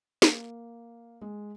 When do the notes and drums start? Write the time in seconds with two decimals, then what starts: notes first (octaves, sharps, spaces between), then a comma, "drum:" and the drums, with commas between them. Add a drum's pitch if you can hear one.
0.22 A#3, drum: snare
1.22 G#3